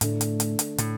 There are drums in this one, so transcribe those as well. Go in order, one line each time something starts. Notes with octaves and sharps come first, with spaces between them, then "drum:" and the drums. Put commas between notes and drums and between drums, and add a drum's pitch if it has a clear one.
A2 D3 A3 D4 A4, drum: hi-hat
drum: hi-hat
drum: hi-hat
drum: hi-hat
A2, drum: hi-hat